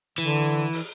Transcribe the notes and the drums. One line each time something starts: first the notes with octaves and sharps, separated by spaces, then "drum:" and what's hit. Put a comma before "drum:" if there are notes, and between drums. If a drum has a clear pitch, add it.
D3 E3
drum: open hi-hat